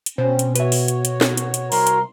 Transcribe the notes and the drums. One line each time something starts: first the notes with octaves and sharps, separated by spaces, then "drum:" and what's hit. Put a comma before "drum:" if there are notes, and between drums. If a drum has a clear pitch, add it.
drum: hi-hat
B2 C4 C#4 C5
drum: hi-hat
F#4 B4 C#5 E5, drum: hi-hat
drum: open hi-hat
drum: hi-hat
drum: hi-hat
drum: snare
drum: hi-hat
drum: hi-hat
C2 A#4 C6, drum: open hi-hat
drum: hi-hat